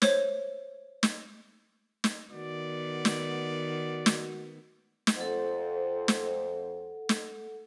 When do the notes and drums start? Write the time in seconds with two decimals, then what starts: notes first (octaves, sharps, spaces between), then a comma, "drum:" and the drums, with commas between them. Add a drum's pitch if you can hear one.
0.02 C5 C#5, drum: snare
1.03 drum: snare
2.04 drum: snare
2.31 D#3 B3 F#4 D5
3.05 drum: snare
4.06 drum: snare
5.07 drum: snare
5.17 F2 A4 C5 F#5
6.08 drum: snare
7.09 drum: snare